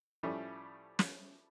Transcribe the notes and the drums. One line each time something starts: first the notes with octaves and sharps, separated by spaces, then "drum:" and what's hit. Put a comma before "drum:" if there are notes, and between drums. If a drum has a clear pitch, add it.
A2 F3 G3 A3 C#4
drum: snare